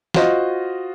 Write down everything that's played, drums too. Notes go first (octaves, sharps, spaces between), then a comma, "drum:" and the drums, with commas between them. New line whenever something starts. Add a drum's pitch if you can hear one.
F4 F#4 C5 D#5, drum: snare